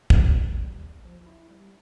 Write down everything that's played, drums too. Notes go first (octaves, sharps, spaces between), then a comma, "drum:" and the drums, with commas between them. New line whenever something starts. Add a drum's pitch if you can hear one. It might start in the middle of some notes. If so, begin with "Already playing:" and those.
drum: kick
D#2
G3
D#2
F3
E4
G3